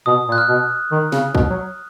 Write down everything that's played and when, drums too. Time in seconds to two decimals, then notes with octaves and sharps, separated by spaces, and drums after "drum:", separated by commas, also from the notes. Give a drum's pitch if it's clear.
0.06 B2 D#6
0.28 A#2
0.32 F#6
0.38 F6
0.49 B2
0.92 D#3
1.12 C#3, drum: snare
1.35 B2, drum: kick
1.51 F#3